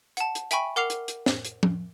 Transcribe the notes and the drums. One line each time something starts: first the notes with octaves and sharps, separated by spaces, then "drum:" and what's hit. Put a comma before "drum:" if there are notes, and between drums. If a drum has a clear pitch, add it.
F#5 A5, drum: hi-hat
drum: hi-hat
E5 G5 G#5 B5 C#6, drum: hi-hat
A#4 F#5 D6 F6 C7 F7
drum: hi-hat
drum: hi-hat
drum: snare
drum: hi-hat
drum: tom F3